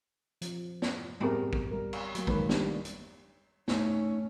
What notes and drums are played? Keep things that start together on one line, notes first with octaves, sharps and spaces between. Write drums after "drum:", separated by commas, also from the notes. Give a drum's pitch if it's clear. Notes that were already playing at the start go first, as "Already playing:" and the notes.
F3, drum: hi-hat
drum: snare
G3 B3 C4 G4 G#4 A#4, drum: tom G#2
drum: kick A1
G3 A#4
drum: cymbal
F#3 A#3, drum: hi-hat
D#3 G#3 A#3 B4 C#5, drum: kick A1
G3 D4 D#4, drum: snare
drum: hi-hat
A3 C#4 D#4, drum: snare